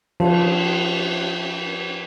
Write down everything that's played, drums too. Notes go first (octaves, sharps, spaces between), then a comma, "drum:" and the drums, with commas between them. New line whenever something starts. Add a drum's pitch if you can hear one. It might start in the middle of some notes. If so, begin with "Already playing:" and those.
F3, drum: cymbal